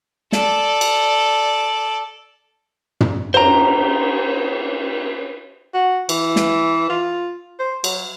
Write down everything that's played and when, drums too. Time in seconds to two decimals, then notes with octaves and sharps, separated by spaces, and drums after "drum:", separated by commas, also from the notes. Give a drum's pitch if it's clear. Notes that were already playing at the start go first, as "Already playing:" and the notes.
0.32 A4 D5, drum: snare
0.81 drum: cymbal
3.00 drum: tom
3.34 C5 A#5, drum: cymbal
5.74 F#4
6.09 E3, drum: cymbal
6.36 drum: snare
6.90 F4
7.59 C5
7.84 F#3, drum: cymbal